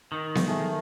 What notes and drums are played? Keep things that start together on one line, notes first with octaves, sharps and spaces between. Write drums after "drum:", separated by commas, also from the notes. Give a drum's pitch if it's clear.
D#3
drum: snare B3
A3 G#4